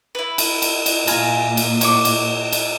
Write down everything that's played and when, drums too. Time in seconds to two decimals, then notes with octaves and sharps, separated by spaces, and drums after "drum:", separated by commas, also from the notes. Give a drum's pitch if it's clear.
0.15 E4 B4
0.38 drum: cymbal
0.62 drum: cymbal
0.86 drum: cymbal
1.07 A#2 F4 G#5 A#5, drum: cymbal
1.57 drum: cymbal
1.81 C#5 D6, drum: cymbal
2.05 drum: cymbal
2.52 drum: cymbal